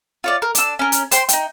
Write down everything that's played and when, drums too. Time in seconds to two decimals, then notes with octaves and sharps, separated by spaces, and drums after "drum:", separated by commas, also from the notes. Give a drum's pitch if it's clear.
0.24 F4 C#5 D5
0.42 A#4
0.55 D4 E6, drum: hi-hat
0.79 C#4 A#4
0.92 drum: hi-hat
1.11 C5 G5 C6, drum: hi-hat
1.29 D#4 G5, drum: hi-hat